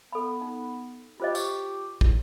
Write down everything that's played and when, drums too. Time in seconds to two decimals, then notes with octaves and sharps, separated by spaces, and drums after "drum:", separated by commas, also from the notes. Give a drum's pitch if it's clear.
0.12 B3 A4 B5
0.41 D#4
1.20 F4 G4 C5 D#5
1.35 C#6, drum: tambourine
2.01 A2, drum: kick